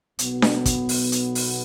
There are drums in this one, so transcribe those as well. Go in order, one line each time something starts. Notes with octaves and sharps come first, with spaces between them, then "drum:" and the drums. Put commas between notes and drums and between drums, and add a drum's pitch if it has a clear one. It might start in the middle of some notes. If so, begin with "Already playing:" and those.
B1 B2 B3, drum: hi-hat
drum: snare D4
drum: kick, hi-hat
drum: open hi-hat
drum: hi-hat
drum: open hi-hat